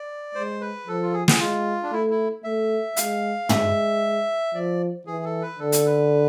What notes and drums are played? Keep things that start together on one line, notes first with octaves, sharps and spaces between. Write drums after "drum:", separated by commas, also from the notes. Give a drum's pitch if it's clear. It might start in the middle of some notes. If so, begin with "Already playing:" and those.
Already playing: D5
G#3 C5
B4
F3 A4
F4
G#4
G#4, drum: snare
G#3 F4
D4
A3 E4
E4
A3 E5
G#3 F5, drum: hi-hat
G#3 E5, drum: tom
F3 D5
E3 G#4
A4
B4
D3 A4
drum: hi-hat
B4